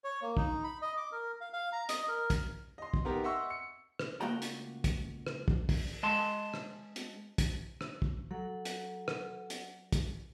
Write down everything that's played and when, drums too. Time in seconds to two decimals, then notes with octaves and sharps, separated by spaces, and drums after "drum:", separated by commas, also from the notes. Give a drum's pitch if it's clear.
0.04 C#5
0.22 A#3
0.37 D#4, drum: kick
0.64 B5
0.82 D#5
0.97 D6
1.12 A#4
1.41 F5
1.53 F5
1.73 A#5
1.89 D#5, drum: hi-hat
2.08 A#4
2.30 drum: kick, hi-hat
2.78 D#5 C6
2.94 drum: kick
3.05 B3 D#4 G4 A#4
3.24 D#5 E5 F#5 C6 C#6 E6
3.50 C#7
3.99 drum: rim click
4.21 C#2 A3 A#3 F#4 G5 A#5
4.42 drum: hi-hat
4.84 drum: kick, hi-hat
5.27 drum: rim click
5.48 drum: kick
5.69 drum: kick, open hi-hat
6.03 G#3 A5 C6
6.54 drum: rim click
6.96 drum: hi-hat
7.38 drum: kick, hi-hat
7.81 drum: rim click
8.02 drum: kick
8.31 F#3 A4 F#5
8.65 drum: hi-hat
9.08 drum: rim click
9.50 drum: hi-hat
9.92 drum: kick, hi-hat